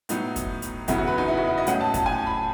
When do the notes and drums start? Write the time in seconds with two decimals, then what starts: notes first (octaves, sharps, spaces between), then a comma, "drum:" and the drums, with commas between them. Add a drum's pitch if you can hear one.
0.09 A2 F#3 B3 D#4, drum: hi-hat
0.36 drum: kick, hi-hat
0.62 drum: hi-hat
0.88 E2 C#3 F#3 B3 E4, drum: kick, hi-hat
0.98 F#4
1.07 B4
1.18 D#4
1.28 E4
1.37 F#4
1.47 E4
1.58 D#5
1.67 A2 F#3 C#4 F#5, drum: hi-hat
1.81 A5
1.94 A5, drum: kick, hi-hat
2.06 G#5
2.27 B5